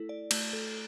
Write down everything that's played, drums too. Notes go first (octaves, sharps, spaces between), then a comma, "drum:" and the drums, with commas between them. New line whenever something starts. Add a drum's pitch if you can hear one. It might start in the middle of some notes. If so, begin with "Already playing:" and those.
Already playing: A3 E4 A4
D5
A3, drum: cymbal
A4